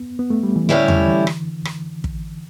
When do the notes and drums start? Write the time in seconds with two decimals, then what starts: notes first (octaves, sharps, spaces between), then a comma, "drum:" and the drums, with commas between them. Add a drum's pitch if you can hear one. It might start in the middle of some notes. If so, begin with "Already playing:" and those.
Already playing: B3
0.19 B3
0.30 A3
0.43 G3
0.56 E3
0.68 A2 D3 G3 C#4 E4
0.88 drum: tom E2
1.08 E3
1.27 drum: rim click
1.65 drum: rim click
2.04 drum: kick